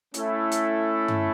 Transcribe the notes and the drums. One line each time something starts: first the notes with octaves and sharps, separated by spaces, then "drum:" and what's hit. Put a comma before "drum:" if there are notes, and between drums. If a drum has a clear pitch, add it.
A3 C#4 E4 A4 E5, drum: hi-hat
drum: hi-hat
drum: tom G2